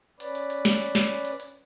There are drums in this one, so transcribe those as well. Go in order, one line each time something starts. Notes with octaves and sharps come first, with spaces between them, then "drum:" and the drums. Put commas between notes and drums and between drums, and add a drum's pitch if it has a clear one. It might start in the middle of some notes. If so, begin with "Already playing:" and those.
C#4 B4 D5, drum: hi-hat
drum: hi-hat
drum: hi-hat
drum: snare
drum: hi-hat
drum: snare
drum: hi-hat
drum: hi-hat